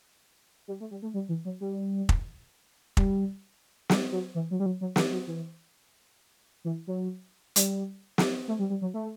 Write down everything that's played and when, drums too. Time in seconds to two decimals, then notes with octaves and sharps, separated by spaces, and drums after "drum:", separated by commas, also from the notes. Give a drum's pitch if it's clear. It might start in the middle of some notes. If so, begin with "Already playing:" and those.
0.68 G3
0.80 A3
0.91 G3
1.02 A3
1.14 G3
1.29 E3
1.45 F#3
1.61 G3
2.09 drum: kick
2.97 G3, drum: kick
3.89 G3, drum: snare
4.12 F#3
4.35 E3
4.51 F#3
4.60 G3
4.66 F#3
4.81 F#3
4.96 E3, drum: snare
5.12 F#3
5.27 E3
6.64 E3
6.87 F#3
7.56 G3, drum: hi-hat
8.18 drum: snare
8.48 A3
8.59 G3
8.70 G3
8.81 F#3
8.94 A3